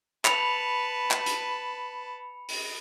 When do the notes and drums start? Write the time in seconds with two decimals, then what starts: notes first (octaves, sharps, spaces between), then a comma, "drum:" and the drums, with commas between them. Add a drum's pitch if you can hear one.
0.25 B4 A5 B5 C#7 F7, drum: clap
1.11 drum: clap
1.26 drum: hi-hat
2.49 drum: open hi-hat